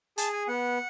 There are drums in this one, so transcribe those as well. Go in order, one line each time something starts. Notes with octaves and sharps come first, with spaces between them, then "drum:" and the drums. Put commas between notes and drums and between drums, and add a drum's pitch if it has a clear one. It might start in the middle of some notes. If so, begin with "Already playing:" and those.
G#4 A5, drum: hi-hat
G#5
B3 F#5